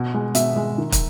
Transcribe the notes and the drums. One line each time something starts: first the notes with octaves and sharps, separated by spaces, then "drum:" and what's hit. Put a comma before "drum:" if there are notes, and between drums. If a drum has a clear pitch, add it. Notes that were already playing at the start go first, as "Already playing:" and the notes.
Already playing: B2
G#3
B2 E5, drum: hi-hat
G#3
D#3
drum: kick, hi-hat